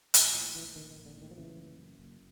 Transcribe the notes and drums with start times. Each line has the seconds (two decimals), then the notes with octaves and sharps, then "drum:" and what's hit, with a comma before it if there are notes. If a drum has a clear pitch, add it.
0.14 A#1, drum: hi-hat
0.34 A2 F3
0.55 A#1 E3
0.76 A#1 D#3
0.91 D#3
0.97 A#1
1.06 D3
1.17 A2 D#3
1.31 F3
1.37 C#3 E3
1.57 F#1
1.78 F#2
1.99 F#1